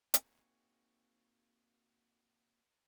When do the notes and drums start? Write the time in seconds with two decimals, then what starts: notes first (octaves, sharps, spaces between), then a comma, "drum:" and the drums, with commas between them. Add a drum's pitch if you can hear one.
0.14 A#3 C4 D#4 F#4 G#4, drum: hi-hat